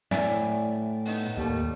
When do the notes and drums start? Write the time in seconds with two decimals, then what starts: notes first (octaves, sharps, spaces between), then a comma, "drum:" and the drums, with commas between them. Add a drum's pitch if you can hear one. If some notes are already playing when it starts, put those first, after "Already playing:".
0.11 A2 D5 E5 G#5, drum: snare
1.05 A3 B3 D#4, drum: open hi-hat
1.37 D#2 G3 A3